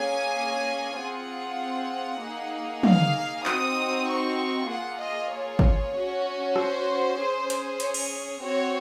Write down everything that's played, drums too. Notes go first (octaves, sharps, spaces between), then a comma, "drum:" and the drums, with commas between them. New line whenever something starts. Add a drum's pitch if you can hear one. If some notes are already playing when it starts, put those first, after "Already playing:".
Already playing: A#3 C#4 G#4 G#5
C4 F4 G#4 F#5
A#3 D#4 G#4
F5, drum: tom
C4 D#4 F#4 D#6, drum: clap
C#6
A#3 F4 G#4 F#5
D#5
C#5
drum: kick
C#4 F#4
C5, drum: rim click
C#4 G#4
drum: hi-hat
C#5, drum: hi-hat
drum: cymbal
C4 F#4 C#5